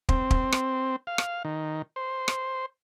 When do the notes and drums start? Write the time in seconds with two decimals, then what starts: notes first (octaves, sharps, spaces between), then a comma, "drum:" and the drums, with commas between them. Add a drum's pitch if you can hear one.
0.09 C4, drum: kick
0.31 drum: kick
0.52 drum: rim click
1.07 F5
1.18 drum: rim click
1.45 D#3
1.96 C5
2.28 drum: rim click